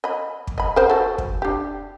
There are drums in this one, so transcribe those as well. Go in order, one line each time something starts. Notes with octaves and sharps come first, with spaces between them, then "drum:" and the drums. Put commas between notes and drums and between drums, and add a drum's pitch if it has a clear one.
D#5 B5
drum: kick
D#5 B5
A#4 C5 F#5
F#4 A4
drum: kick
D4 G4